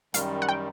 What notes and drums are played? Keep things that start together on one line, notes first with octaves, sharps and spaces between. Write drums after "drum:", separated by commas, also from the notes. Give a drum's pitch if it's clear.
F#2 D#3 G3 F5, drum: hi-hat
F#5
G5